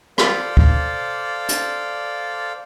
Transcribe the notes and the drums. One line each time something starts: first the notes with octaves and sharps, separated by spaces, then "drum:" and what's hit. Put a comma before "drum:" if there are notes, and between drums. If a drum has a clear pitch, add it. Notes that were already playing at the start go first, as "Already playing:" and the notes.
A4 C5 D5 F5, drum: rim click
drum: kick D2
drum: hi-hat